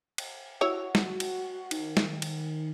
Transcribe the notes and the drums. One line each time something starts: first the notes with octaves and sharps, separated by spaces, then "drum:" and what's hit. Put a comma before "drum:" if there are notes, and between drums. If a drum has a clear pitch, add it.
drum: cymbal
E4 F#4 C#5
drum: snare
drum: cymbal
D#3, drum: cymbal
drum: snare
drum: cymbal